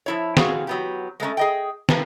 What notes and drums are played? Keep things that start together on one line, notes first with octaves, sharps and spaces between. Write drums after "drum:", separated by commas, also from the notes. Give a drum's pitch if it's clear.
F3 E4 C#5
C4 C#4 F#4 G#4 F5, drum: snare
F#3 B3 G4
G#3 A3 B3 C#4
G#4 D#5 G5
D3 E3 F3 A#3 B4, drum: snare